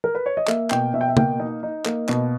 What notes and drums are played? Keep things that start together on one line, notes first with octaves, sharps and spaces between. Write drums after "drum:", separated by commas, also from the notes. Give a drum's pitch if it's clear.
A#4
B4
C#5
D#5
A#3 E5, drum: clap
B2 G5, drum: clap
B2 E5
G5
E5
A#3 G5, drum: tom
D#4 D#5
D#4
A#3, drum: clap
B2, drum: clap